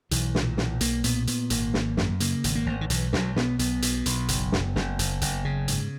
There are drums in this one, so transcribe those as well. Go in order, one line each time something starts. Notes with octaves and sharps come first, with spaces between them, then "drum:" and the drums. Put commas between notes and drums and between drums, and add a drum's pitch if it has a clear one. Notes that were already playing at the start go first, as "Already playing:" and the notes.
B1 E3, drum: hi-hat
A#2, drum: snare
B1, drum: snare
B1 A#3, drum: hi-hat
A#2 B3, drum: hi-hat
A#2 B3, drum: hi-hat
G#1 A#3, drum: hi-hat
G#1, drum: snare
F#2, drum: snare
C#3 A#3, drum: hi-hat
G#1, drum: hi-hat
A#3
G#1
D#3
B1 E3, drum: hi-hat
B1 F#3, drum: snare
B2 B3, drum: snare
B1 B3, drum: hi-hat
B2, drum: hi-hat
B1, drum: hi-hat
F#1, drum: hi-hat
F#2, drum: snare
F#1, drum: snare
F#1, drum: hi-hat
F#1, drum: hi-hat
C#3
G#2, drum: hi-hat